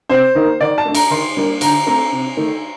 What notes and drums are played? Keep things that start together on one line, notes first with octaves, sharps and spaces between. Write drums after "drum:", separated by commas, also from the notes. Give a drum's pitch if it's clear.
C3 C5
D#3 A#3 D#4
D#3 D5
A5
A3 D4
A#5, drum: cymbal
D#3 C6
G3 A#3 D4
D3 A#5, drum: cymbal
A3 C4 A#5
C3
D#3 A3 D#4